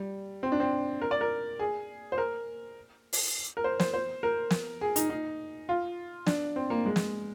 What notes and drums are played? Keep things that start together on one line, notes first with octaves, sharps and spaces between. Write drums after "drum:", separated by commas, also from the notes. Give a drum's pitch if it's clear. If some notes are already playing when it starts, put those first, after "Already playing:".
Already playing: G3
C4
D4
C4
A#4
D5
A#4
G#4
C5
A#4
drum: open hi-hat
A#4
C5
C5, drum: snare
C5
A#4
drum: snare
G#4
D#4, drum: hi-hat
D#4
F4
D4, drum: snare
C4
A#3
G#3
drum: snare